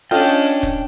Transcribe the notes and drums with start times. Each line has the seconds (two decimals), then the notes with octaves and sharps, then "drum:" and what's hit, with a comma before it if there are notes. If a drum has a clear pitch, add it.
0.11 C#4 D4 F4 A4 D#5 G5, drum: hi-hat
0.28 drum: hi-hat
0.46 drum: hi-hat
0.63 drum: kick, hi-hat